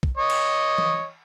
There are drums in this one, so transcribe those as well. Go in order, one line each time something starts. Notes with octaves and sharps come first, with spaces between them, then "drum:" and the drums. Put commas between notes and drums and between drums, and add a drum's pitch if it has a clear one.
drum: kick
C#5 D#5
drum: cymbal
drum: tom E3